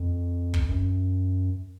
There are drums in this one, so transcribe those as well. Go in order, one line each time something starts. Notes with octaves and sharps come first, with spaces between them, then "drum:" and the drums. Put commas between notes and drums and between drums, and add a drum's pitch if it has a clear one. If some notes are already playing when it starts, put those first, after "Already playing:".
Already playing: F2
drum: kick
F#2